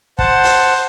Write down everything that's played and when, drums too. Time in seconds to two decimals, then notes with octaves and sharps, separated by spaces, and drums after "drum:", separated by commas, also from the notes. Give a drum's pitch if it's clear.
0.19 C5 F#5 A5, drum: kick
0.43 drum: open hi-hat